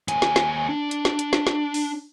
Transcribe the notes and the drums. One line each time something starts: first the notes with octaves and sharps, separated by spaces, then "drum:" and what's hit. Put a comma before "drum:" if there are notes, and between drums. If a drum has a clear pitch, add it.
D#2 G#5, drum: hi-hat
drum: snare
drum: snare
D4
drum: hi-hat
drum: snare
drum: hi-hat
drum: snare
drum: snare
drum: open hi-hat